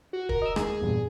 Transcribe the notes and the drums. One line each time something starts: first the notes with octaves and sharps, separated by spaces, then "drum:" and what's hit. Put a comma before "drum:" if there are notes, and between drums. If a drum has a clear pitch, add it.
F#4
A#4, drum: kick
D#5 E6
D#2 D#3 G#3 G#4, drum: rim click
E2 G2 A#2